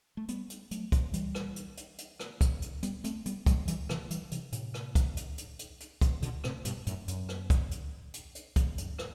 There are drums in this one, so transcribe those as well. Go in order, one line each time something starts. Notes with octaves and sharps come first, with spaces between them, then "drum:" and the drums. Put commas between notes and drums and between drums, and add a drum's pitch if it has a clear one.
A3
G3 B3, drum: hi-hat
drum: hi-hat
F#3 A3, drum: hi-hat
drum: kick, hi-hat
E3 G3, drum: hi-hat
drum: rim click
drum: hi-hat
drum: hi-hat
drum: hi-hat
drum: rim click
drum: kick, hi-hat
drum: hi-hat
G3 B3, drum: hi-hat
A3 C4, drum: hi-hat
G3 B3, drum: hi-hat
F#3 A3, drum: kick, hi-hat
E3 G3, drum: hi-hat
C3 E3, drum: rim click
E3 G3, drum: hi-hat
C3 E3, drum: hi-hat
A2 C3, drum: hi-hat
drum: rim click
drum: kick, hi-hat
drum: hi-hat
drum: hi-hat
drum: hi-hat
drum: hi-hat
drum: kick, hi-hat
B2 D3, drum: hi-hat
A2 C3, drum: rim click
G2 B2, drum: hi-hat
F#2 A2, drum: hi-hat
F#2, drum: hi-hat
drum: rim click
drum: kick, hi-hat
drum: hi-hat
drum: hi-hat
drum: hi-hat
drum: kick, hi-hat
F#2, drum: hi-hat
drum: rim click